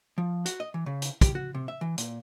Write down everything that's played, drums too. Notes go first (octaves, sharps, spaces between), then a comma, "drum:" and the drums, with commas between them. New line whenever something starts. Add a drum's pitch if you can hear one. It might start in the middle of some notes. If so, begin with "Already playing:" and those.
F3
F#4, drum: hi-hat
D#5
E3
C#3
drum: hi-hat
G4, drum: kick, hi-hat
F#4
C3
E5
E3
A#2, drum: hi-hat